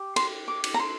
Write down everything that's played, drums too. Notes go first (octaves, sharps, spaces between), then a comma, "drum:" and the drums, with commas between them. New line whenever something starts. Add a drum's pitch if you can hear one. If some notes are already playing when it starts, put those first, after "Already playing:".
Already playing: G4
C6, drum: cymbal
D6
drum: cymbal
A#5
C6